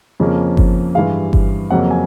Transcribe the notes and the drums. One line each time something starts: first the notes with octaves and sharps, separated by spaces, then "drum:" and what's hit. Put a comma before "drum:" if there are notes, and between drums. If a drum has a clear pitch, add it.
F2 C#3 F3 A#3 C#4
drum: kick G1
G2 E3 G#3 F5
drum: kick G1
F2 C#3 F#3 A#3 F#5
G#5